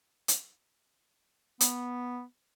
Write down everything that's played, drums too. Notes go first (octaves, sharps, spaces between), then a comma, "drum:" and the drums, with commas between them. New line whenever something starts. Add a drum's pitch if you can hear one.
drum: hi-hat
B3, drum: hi-hat